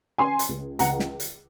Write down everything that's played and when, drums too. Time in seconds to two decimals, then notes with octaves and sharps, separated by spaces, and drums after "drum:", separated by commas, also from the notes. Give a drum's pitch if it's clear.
0.18 C#4 G#5 C6
0.39 drum: hi-hat
0.49 C#2
0.79 C#2 F#5 A#5, drum: hi-hat
0.99 drum: snare
1.20 drum: hi-hat